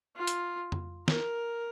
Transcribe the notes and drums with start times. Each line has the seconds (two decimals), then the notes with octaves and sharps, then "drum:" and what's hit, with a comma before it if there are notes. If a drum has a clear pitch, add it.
0.17 F4
0.27 drum: hi-hat
0.72 drum: tom F2
1.08 A#4, drum: snare